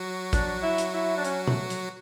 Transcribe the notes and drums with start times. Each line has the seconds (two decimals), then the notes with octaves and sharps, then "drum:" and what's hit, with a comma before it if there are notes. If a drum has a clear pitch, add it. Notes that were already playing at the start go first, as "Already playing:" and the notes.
Already playing: F#3 F#4
0.33 D4, drum: kick G#1, hi-hat
0.63 E4
0.78 drum: hi-hat
0.94 E4
1.17 D4
1.24 C#4, drum: hi-hat
1.47 A3, drum: tom A#2
1.70 drum: hi-hat